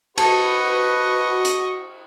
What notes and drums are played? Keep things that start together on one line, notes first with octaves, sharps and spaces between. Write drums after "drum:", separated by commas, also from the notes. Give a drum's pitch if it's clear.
F#4 B4 D#5 A5 C#6, drum: cymbal
drum: hi-hat